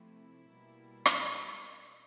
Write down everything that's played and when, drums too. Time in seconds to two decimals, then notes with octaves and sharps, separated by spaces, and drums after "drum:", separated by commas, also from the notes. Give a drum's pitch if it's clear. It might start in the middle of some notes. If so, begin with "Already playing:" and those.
Already playing: C3 F3 A3 E4
0.49 B2 G3 A#3
1.06 drum: rim click